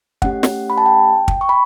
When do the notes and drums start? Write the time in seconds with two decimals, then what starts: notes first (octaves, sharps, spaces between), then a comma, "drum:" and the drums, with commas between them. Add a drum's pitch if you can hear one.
0.22 A3 C#4 G4 F#5, drum: kick
0.43 drum: snare
0.70 B5
0.78 A5
0.86 G5
1.28 drum: kick
1.41 C#6
1.49 B5